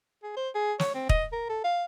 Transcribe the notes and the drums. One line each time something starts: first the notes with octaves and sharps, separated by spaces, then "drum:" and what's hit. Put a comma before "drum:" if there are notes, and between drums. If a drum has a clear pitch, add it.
G#4
C5
G#4
C#5, drum: snare
C4
D#5, drum: kick
A#4
A4
F5